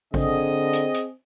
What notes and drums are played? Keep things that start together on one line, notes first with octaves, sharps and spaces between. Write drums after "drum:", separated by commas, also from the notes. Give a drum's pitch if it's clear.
D3 C4 G#4 D#5, drum: kick
drum: hi-hat
drum: hi-hat